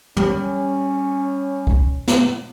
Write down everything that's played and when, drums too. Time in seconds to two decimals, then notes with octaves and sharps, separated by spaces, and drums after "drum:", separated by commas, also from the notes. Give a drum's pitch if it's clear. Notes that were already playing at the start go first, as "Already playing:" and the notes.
0.16 G3 C#4, drum: tom
1.67 drum: kick
2.08 drum: snare